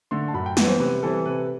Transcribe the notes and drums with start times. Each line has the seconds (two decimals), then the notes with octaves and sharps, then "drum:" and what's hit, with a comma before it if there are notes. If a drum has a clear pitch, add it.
0.11 D3 A3 C6
0.28 A5
0.34 F#2 B5
0.46 G5
0.57 E3 B3 F#5, drum: snare
0.68 C5
0.79 C3 B4
1.03 E3 G3 C4 A4
1.26 C3 B4